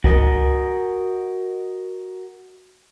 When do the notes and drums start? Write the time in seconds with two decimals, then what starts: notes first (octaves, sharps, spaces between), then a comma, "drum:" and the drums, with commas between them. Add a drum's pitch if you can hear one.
0.04 F#4 A#4 D#5, drum: kick C#2